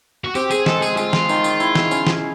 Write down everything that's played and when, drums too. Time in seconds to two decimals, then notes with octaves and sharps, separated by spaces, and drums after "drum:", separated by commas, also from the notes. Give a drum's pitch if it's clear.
0.24 F#4
0.35 C4 G4, drum: tambourine
0.51 G#4, drum: tambourine
0.66 G#3 A4, drum: snare
0.82 G#4, drum: tambourine
0.97 G#3 F4, drum: tambourine
1.13 drum: snare
1.29 D#3, drum: tambourine
1.44 drum: tambourine
1.60 E4, drum: tambourine
1.75 drum: snare
1.91 C#4, drum: tambourine
2.07 drum: snare